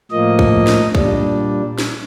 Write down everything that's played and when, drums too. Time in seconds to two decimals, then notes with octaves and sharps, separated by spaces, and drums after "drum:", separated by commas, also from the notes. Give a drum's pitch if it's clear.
0.11 A2 F3 A#3 D#5
0.39 drum: kick
0.67 drum: snare
0.95 A#2 G3 D4, drum: kick
1.78 drum: snare